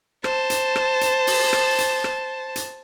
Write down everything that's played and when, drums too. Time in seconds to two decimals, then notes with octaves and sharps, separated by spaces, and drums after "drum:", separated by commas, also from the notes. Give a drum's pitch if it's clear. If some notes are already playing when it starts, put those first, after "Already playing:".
0.24 C5 A5, drum: rim click
0.50 drum: hi-hat
0.76 drum: rim click
1.01 drum: hi-hat
1.27 drum: open hi-hat
1.53 drum: rim click
1.78 drum: hi-hat
2.04 drum: rim click
2.56 drum: hi-hat